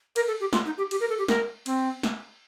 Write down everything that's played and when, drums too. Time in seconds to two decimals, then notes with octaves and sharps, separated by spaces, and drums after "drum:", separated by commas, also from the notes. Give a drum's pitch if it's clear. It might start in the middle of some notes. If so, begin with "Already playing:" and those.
0.16 A#4, drum: cymbal
0.27 A4
0.40 G4
0.53 F4, drum: snare
0.65 D#4
0.78 G4
0.91 G4, drum: cymbal
1.00 A#4
1.09 A4
1.18 G4
1.28 A#4, drum: snare
1.66 C4, drum: cymbal
2.03 drum: snare